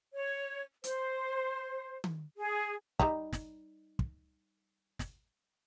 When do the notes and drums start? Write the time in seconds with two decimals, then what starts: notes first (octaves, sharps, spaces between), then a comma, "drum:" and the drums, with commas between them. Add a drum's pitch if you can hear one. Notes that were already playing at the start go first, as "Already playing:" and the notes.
0.15 C#5
0.84 C5, drum: hi-hat
2.04 drum: tom D#3
2.38 G#4
2.99 G3 D#4 A#5, drum: kick
3.33 drum: snare
3.99 drum: kick
4.99 drum: snare